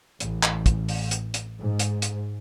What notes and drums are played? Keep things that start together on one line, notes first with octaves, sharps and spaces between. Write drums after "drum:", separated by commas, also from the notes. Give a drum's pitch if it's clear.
A1, drum: hi-hat
drum: clap
drum: kick, hi-hat
drum: open hi-hat
drum: hi-hat
drum: hi-hat
G#2
drum: hi-hat
drum: hi-hat